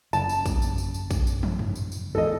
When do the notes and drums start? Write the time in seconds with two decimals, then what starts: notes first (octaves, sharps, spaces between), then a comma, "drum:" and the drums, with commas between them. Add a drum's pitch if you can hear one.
0.13 F#1 A5, drum: tambourine
0.29 drum: tambourine
0.46 drum: kick, tambourine
0.62 drum: tambourine
0.78 drum: tambourine
0.94 drum: tambourine
1.11 drum: kick, tambourine
1.27 drum: tambourine
1.43 drum: tom
1.59 drum: tom G2
1.76 drum: tambourine
1.92 drum: tambourine
2.15 E2 G#2 A4 D#5